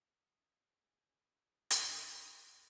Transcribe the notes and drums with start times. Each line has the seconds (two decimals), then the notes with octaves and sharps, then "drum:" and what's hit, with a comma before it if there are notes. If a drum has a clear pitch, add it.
0.09 D4 E4 G#4
1.71 drum: hi-hat